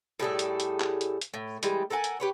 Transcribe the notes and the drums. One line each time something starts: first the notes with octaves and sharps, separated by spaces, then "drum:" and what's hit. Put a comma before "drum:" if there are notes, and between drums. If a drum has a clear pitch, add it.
A2 G3 G#4 A4
drum: hi-hat
drum: hi-hat
drum: clap
drum: hi-hat
drum: hi-hat
A2
E3 G3 G#3, drum: hi-hat
A4 A#4 F#5 G#5
drum: hi-hat
G4 B4 C#5